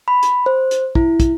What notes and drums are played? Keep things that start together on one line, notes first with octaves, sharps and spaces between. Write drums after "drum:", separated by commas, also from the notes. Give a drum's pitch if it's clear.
B5
drum: hi-hat
C5
drum: hi-hat
E4, drum: kick
drum: kick, hi-hat